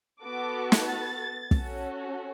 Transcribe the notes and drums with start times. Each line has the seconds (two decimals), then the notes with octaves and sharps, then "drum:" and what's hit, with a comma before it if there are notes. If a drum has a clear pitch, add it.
0.23 B3 F#4 A4 D6
0.72 drum: snare
0.87 A6
1.51 C#4 F#4 A4, drum: kick